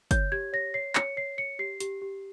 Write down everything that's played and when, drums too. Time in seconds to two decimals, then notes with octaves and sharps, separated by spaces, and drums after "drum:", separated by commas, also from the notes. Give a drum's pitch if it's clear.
0.11 C#5 G6, drum: kick, hi-hat
0.32 G4 G#6
0.53 C#5 A#6
0.74 C#5 C7
0.95 C#5 C#7, drum: clap
1.17 C#5 C7
1.37 C#5 C#7
1.59 G4 C7
1.80 G4, drum: hi-hat
2.01 G4